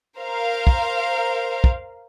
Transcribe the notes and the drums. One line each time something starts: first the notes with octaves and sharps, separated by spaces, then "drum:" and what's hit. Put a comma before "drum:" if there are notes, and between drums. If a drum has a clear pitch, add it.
A#4 C5 F5
drum: kick
drum: kick